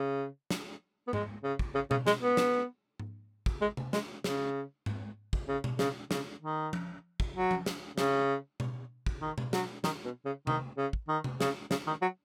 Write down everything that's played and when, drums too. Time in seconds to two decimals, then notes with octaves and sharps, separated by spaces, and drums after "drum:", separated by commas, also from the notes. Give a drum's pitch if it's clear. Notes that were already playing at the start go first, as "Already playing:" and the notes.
Already playing: C#3
0.50 drum: snare
1.08 B3
1.13 G#3, drum: tom G#2
1.44 C#3
1.59 drum: kick
1.75 C#3
1.91 C#3, drum: tom B2
2.07 G#3, drum: snare
2.22 B3
2.37 drum: snare
3.00 drum: tom G#2
3.46 drum: kick
3.62 G#3
3.77 drum: tom C3
3.93 G#3, drum: snare
4.24 C#3, drum: snare
4.86 drum: tom G#2
5.33 drum: kick
5.48 C#3
5.64 drum: tom B2
5.79 C#3, drum: snare
6.11 C#3, drum: snare
6.41 D#3
6.73 drum: tom F3
7.20 drum: kick
7.36 F#3
7.51 drum: tom F3
7.66 drum: snare
7.98 C#3, drum: snare
8.60 drum: tom B2
9.06 drum: kick
9.22 D#3
9.38 drum: tom B2
9.53 F#3, drum: snare
9.84 D#3, drum: snare
10.05 B2
10.25 C#3
10.47 D#3, drum: tom C3
10.78 C#3
10.93 drum: kick
11.09 D#3
11.24 drum: tom C3
11.41 C#3, drum: snare
11.71 C#3, drum: snare
11.87 D#3
12.02 F#3